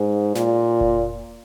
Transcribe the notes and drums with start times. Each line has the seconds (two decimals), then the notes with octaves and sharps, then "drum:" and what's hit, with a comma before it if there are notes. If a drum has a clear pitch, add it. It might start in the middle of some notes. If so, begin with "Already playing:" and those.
Already playing: G#2
0.35 A#2, drum: snare
0.81 drum: kick F1